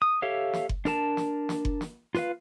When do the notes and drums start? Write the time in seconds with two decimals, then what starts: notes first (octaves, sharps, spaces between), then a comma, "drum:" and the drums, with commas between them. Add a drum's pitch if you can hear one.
0.02 D#6
0.22 G4 A4 C#5 E5 F5
0.53 drum: snare
0.69 drum: kick F#1
0.85 D4 A#4 A5, drum: snare
1.17 drum: snare
1.49 drum: snare
1.65 drum: kick F#1
1.81 drum: snare
2.15 F4 B4 F5, drum: snare